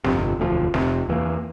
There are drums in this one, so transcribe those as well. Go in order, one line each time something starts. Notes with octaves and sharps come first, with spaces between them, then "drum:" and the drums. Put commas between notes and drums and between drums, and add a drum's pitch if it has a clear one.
G1 F2 C3, drum: snare
E1 D2 C3 F3
F1 F2 C3, drum: snare
E2 E3 A#3